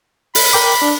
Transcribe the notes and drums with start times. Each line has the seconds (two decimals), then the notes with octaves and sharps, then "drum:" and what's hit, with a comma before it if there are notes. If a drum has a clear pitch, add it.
0.35 B5, drum: open hi-hat
0.53 A#4 G5 D6
0.82 D4